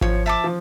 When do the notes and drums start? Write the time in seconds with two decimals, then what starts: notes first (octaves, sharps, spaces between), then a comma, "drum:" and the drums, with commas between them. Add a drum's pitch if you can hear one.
0.01 F3 C#5, drum: kick G#1
0.26 E5 A5 D6
0.44 F3